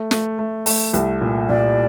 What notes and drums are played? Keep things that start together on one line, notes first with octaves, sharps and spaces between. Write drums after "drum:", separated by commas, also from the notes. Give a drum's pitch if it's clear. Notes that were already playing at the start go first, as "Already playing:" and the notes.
Already playing: A3
A3, drum: snare
A3
A3, drum: open hi-hat
C2, drum: hi-hat
A#2
A#2 D5